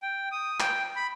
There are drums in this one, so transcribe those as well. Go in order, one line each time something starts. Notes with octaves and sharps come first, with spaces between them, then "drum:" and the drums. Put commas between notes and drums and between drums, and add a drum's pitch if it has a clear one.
G5
D#6
G5, drum: clap
B5